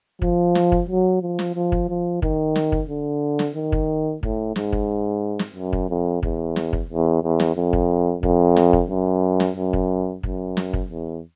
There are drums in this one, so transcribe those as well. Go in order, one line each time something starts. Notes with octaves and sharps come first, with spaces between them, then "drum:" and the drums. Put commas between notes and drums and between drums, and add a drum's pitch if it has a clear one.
F3, drum: kick
drum: snare
drum: kick
F#3
F3
drum: snare
F3
drum: kick
F3
D#3, drum: kick
drum: snare
drum: kick
D3
drum: snare
D#3
drum: kick
A2, drum: kick
G#2, drum: snare
drum: kick
drum: snare
F#2
drum: kick
F2
E2, drum: kick
drum: snare
drum: kick
E2
E2
drum: snare
F2
drum: kick
F2, drum: kick
drum: snare
drum: kick
F#2
drum: snare
F#2
drum: kick
F#2, drum: kick
drum: snare
drum: kick
E2